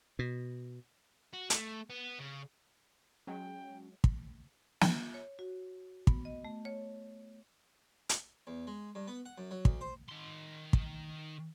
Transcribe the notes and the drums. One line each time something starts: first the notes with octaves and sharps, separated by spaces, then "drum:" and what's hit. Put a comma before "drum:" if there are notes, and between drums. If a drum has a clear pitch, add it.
B2
F#4
A3, drum: hi-hat
B3
C#3
F#3 G#3 C#4 G5
drum: kick
drum: snare
C#5
F#4
B3, drum: kick
D#5
A3
C#5
drum: hi-hat
E2
G#3
G2
B3
F#5
F#2
F#3
D2, drum: kick
C5
D#3 C6
drum: kick